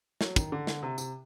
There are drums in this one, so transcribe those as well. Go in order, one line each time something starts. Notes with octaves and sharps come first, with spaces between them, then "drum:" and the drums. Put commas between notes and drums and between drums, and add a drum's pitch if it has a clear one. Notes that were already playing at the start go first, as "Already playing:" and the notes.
F#3, drum: snare
D#3, drum: kick, tambourine
D3
drum: snare
C3
C3, drum: tambourine